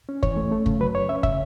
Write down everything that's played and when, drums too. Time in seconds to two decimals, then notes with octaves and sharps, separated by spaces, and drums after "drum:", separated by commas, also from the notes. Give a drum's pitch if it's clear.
0.09 C#4
0.23 E3 C#5, drum: kick
0.37 A3
0.51 A3
0.66 C#3, drum: kick
0.80 F#3 B4
0.94 F#2 C#5
1.09 C#4 E5
1.23 C#3 E5, drum: kick